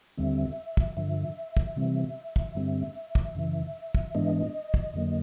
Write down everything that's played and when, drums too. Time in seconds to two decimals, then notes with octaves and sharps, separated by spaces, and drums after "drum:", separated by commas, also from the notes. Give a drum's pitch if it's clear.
0.18 D#2 D3 G3 C4 E5
0.77 drum: kick
0.97 G2 D3 F3 E5
1.57 drum: kick
1.76 C3 E3 G3 C4
2.36 drum: kick
2.55 G2 D3 G3 C4
3.15 drum: kick
3.35 F#2 C#3 E3
3.95 drum: kick
4.15 G#2 E3 G#3 B3 D4 D#5
4.74 drum: kick
4.94 F2 D3 F#3 A#3